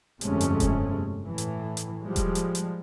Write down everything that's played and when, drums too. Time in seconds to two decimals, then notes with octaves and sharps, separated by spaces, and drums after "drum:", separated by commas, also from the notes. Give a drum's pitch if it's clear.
0.21 G1 F2 C3 G#3 A3 C#4, drum: hi-hat
0.41 drum: hi-hat
0.60 drum: kick E1, hi-hat
1.28 A2 E3
1.38 drum: hi-hat
1.77 drum: hi-hat
2.03 F3 G3 G#3
2.16 drum: kick E1, hi-hat
2.35 drum: hi-hat
2.55 drum: hi-hat